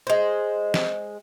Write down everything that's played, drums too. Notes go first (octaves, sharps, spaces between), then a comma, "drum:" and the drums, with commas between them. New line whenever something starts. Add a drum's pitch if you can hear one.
G#3 C5
drum: snare